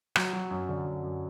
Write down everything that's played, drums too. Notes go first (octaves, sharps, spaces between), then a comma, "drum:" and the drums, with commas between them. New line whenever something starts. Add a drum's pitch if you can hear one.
F#3, drum: rim click
F#3
F#2
D3
F#2
F#2